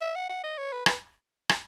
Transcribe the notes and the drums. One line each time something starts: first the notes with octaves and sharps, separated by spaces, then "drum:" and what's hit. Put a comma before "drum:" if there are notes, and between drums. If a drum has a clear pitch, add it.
E5
F#5
F#5
D#5
C#5
B4
B4, drum: rim click
drum: rim click